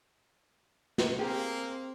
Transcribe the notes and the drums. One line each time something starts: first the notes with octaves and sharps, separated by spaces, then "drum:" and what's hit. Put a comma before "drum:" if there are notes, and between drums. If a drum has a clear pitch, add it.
drum: snare
A#3 C4 G4 G#4